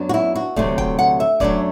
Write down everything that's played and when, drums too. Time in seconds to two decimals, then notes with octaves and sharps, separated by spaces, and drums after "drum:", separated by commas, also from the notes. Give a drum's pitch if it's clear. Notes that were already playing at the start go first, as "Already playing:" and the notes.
Already playing: F#2 F#3 B3 D4
0.09 F#4
0.14 E4
0.36 F#4
0.56 D2 C3 F#3 A3 C4 D5, drum: kick
0.78 G5, drum: kick
0.99 F#5
1.20 E5
1.40 F#2 F#3 A3 D4 D5, drum: kick